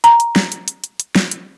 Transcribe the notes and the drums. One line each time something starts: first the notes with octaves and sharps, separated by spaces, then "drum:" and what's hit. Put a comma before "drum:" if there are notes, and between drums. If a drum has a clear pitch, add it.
A#5, drum: hi-hat
drum: hi-hat
drum: snare
drum: hi-hat
drum: hi-hat
drum: hi-hat
drum: hi-hat
drum: snare
drum: hi-hat